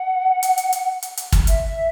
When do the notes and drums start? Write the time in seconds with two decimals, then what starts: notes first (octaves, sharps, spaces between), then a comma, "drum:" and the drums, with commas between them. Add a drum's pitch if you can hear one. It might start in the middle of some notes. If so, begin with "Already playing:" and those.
Already playing: F#5
0.43 drum: hi-hat
0.58 drum: hi-hat
0.73 drum: hi-hat
1.02 drum: hi-hat
1.17 drum: hi-hat
1.32 drum: kick, hi-hat
1.47 E5, drum: hi-hat